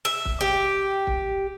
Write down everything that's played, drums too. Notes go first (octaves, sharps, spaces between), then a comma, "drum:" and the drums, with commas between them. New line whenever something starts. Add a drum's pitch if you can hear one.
E5
drum: kick
G4
drum: kick